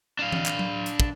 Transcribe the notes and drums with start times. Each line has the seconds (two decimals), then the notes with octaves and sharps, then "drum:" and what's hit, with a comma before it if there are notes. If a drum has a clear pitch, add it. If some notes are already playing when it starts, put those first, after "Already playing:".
0.19 D4 F5
0.32 drum: tom E3
0.46 drum: clap
0.59 drum: tom F#3
0.86 drum: hi-hat
1.00 drum: kick